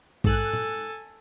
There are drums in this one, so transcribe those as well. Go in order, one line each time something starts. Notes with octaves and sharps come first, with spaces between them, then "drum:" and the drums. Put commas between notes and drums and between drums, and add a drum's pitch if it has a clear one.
G#2 A4 G#5 F#6, drum: kick A#1
drum: tom